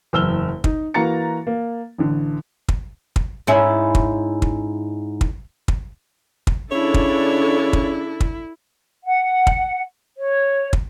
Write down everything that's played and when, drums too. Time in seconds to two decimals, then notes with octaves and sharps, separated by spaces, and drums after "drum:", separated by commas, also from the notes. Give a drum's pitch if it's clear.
0.13 F#1 E2 E6 F6 G7
0.64 D#4, drum: kick
0.94 E3 A#3 F#4 A#5 A6 C#7
1.47 A#3
1.98 A1 D3
2.68 drum: kick
3.16 drum: kick
3.47 G#2 C#4 E4
3.95 drum: kick
4.42 drum: kick
5.21 drum: kick
5.68 drum: kick
6.47 drum: kick
6.71 C#3 D4 E4 A4 C#5
6.94 drum: kick
7.73 drum: kick
8.20 drum: kick
9.05 F#5
9.47 drum: kick
10.18 C#5
10.73 drum: kick